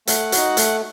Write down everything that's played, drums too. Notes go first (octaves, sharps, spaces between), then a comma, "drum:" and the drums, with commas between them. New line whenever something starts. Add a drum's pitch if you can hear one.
A3 F#5, drum: hi-hat
D#4 F#4, drum: hi-hat
A3, drum: hi-hat